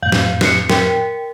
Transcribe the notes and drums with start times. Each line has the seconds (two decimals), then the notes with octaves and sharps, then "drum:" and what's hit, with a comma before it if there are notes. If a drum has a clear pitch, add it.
0.03 F2 A2 F5 G6
0.12 drum: snare
0.41 F#6 C7 C#7, drum: snare
0.70 A#4 G5, drum: snare